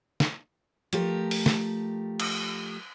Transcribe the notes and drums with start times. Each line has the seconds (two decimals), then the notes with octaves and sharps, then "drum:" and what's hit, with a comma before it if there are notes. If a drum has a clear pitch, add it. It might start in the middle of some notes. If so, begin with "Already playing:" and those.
0.20 drum: snare
0.93 F3 A3 G4 A#4, drum: hi-hat
1.31 drum: open hi-hat
1.46 drum: snare
2.20 drum: cymbal